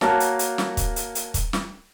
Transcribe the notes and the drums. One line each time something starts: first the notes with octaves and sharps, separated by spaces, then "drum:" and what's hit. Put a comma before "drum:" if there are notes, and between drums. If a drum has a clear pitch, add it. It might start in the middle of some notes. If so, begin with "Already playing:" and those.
A#3 F#4 A#4 C#5 A5, drum: snare
drum: hi-hat
drum: hi-hat
drum: snare
drum: kick, hi-hat
drum: hi-hat
drum: hi-hat
drum: kick, hi-hat
drum: snare